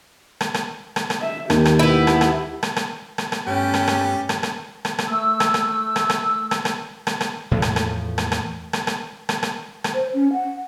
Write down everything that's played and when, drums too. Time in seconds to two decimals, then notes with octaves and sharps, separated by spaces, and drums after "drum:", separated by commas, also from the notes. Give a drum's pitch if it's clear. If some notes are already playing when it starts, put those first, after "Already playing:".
0.41 drum: rim click
0.54 drum: rim click
0.96 drum: rim click
1.10 drum: rim click
1.21 E5
1.50 D#2 G4, drum: rim click
1.65 drum: rim click
1.79 B3 E4
2.07 drum: rim click
2.21 drum: rim click
2.63 drum: rim click
2.76 drum: rim click
3.18 drum: rim click
3.32 drum: rim click
3.47 G2 A3 B3 C#4 G4
3.74 drum: rim click
3.88 drum: rim click
4.29 drum: rim click
4.43 drum: rim click
4.85 drum: rim click
4.99 drum: rim click
5.09 A3 E6
5.40 drum: rim click
5.54 drum: rim click
5.96 drum: rim click
6.10 drum: rim click
6.51 drum: rim click
6.65 drum: rim click
7.07 drum: rim click
7.21 drum: rim click
7.51 E2 A2 F3 A3
7.62 drum: rim click
7.76 drum: rim click
8.18 drum: rim click
8.32 drum: rim click
8.73 drum: rim click
8.87 drum: rim click
9.29 drum: rim click
9.43 drum: rim click
9.84 drum: rim click
9.94 C5
10.14 C#4
10.33 F#5